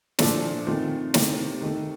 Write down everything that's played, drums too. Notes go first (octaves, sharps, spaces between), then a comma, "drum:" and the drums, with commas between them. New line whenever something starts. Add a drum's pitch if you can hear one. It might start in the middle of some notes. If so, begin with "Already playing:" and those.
A#2 F3 A3 D4 A4, drum: snare
D#3 A3 C4 F4
C3 D#3 A3 C4 G4, drum: snare
D#3 A3 D#4